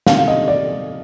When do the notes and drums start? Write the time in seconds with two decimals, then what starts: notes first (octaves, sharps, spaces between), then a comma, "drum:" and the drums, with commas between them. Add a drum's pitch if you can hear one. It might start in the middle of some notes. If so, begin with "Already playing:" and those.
0.07 C3 D#3 A#3 F5, drum: snare
0.17 F5
0.28 D#5
0.48 D5